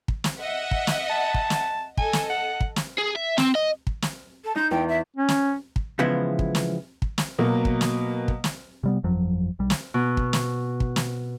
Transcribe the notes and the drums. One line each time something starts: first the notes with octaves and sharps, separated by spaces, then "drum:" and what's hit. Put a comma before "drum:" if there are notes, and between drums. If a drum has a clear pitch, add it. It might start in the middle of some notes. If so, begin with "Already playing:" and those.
drum: kick
drum: snare
D#5 E5 F#5
drum: kick
drum: snare
A5
drum: kick
drum: snare
A4 D#5 G#5, drum: kick
drum: snare
F#5
drum: kick
drum: snare
G#4
E5
C4, drum: snare
D#5
drum: kick
drum: snare
A4
D#4 G6
E2 G5
E5
C#4
drum: snare
drum: kick
C#3 E3 F3 G#3 B3 E4
drum: kick
drum: snare
drum: kick
drum: snare
B2 F#3 A#3
drum: kick
drum: snare
drum: kick
drum: snare
C3 G3 B3
G1 F2 F3 F#3
B1 G3
drum: snare
B2
drum: kick
drum: snare
drum: kick
drum: snare